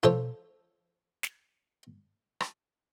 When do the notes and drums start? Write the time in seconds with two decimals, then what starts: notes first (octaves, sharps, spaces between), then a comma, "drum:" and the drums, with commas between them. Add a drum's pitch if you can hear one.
0.03 F4 A4 C5 C#5, drum: tom B2
1.23 drum: snare
2.40 drum: rim click